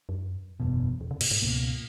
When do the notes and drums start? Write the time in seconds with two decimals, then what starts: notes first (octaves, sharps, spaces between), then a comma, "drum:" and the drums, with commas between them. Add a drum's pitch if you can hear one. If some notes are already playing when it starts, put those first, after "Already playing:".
0.09 F#2
0.60 F#1 E2 B2
1.01 E2
1.11 C#3
1.21 A#2, drum: cymbal
1.31 G#2
1.42 C#2 B2 A#3